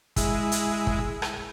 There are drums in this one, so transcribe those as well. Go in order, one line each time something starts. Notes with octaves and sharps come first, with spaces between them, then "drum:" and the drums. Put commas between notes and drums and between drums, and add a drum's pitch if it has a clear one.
G#3 E4, drum: kick, hi-hat
drum: hi-hat
drum: kick
drum: rim click